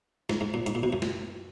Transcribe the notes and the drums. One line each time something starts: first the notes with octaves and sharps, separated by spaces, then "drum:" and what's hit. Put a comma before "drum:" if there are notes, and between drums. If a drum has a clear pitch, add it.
G#2, drum: snare
G#2
A#2
G#2, drum: hi-hat
A#2
B2
F#2
drum: snare